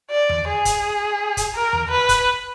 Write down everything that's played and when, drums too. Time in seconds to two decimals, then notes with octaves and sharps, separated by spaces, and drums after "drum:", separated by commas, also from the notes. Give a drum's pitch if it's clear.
0.11 D5
0.29 drum: tom E2
0.48 G#4
0.65 drum: kick, hi-hat
1.37 drum: kick, hi-hat
1.55 A#4
1.73 drum: tom E2
1.91 B4
2.09 drum: kick, hi-hat